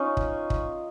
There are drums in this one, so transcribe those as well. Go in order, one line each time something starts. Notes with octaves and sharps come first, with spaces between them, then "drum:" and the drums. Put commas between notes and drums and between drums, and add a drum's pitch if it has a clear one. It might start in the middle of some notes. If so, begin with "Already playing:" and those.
Already playing: C#4 D#4 F4
drum: kick
drum: kick